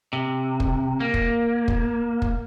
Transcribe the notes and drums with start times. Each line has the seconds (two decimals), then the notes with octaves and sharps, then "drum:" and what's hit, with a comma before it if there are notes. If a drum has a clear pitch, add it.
0.13 C3
0.60 drum: kick
1.00 A#3
1.14 drum: kick
1.68 drum: kick
2.22 drum: kick